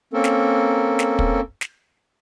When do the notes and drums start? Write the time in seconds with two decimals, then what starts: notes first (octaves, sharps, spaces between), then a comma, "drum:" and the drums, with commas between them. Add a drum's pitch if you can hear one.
0.13 A#3 C4 C#4 A4 A#4
0.24 drum: snare
0.99 drum: snare
1.19 drum: kick
1.61 drum: snare